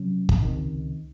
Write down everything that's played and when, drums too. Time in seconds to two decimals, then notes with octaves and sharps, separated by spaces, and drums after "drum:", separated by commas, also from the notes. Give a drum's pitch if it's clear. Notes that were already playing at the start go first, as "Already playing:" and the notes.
Already playing: C3 F#3 C#4
0.29 drum: kick
0.42 C#2 C3 D#3